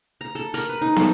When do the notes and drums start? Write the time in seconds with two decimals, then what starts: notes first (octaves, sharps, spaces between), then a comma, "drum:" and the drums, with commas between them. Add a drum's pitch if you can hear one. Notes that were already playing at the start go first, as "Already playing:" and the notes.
0.21 A#5
0.35 A4
0.54 A#4, drum: hi-hat
0.69 B4
0.81 D#4
0.96 A4, drum: snare